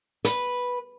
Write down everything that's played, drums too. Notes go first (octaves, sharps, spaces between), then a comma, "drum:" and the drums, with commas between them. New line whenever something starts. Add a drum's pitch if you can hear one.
B4, drum: hi-hat